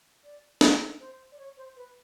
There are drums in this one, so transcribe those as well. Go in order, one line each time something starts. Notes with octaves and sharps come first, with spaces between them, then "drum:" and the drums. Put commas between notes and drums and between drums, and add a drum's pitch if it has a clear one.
D5
C5, drum: snare
C5
D5
C#5
C5
B4